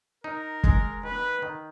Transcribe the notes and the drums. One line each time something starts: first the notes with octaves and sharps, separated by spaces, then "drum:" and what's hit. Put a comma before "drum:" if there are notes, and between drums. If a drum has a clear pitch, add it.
D#4 A#4
G#3, drum: kick
D#3 B4
D#3